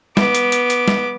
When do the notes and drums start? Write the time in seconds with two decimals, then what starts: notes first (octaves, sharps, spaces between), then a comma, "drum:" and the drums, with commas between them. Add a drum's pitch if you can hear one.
0.17 B3 D6, drum: snare
0.35 drum: hi-hat
0.52 drum: hi-hat
0.70 drum: hi-hat
0.88 drum: snare